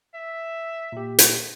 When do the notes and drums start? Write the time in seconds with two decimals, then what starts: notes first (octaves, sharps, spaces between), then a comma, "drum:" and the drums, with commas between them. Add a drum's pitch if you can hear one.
0.14 E5
0.92 A#2 G4
1.19 drum: hi-hat